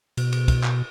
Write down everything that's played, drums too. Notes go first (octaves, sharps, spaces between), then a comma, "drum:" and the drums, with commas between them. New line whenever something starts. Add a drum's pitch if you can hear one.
B2, drum: cymbal
drum: cymbal
drum: kick, cymbal
drum: clap